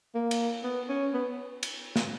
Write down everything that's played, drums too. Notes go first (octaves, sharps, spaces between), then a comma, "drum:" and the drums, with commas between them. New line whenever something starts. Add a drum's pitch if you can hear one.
A#3
drum: cymbal
B3
C#4
B3
drum: cymbal
drum: snare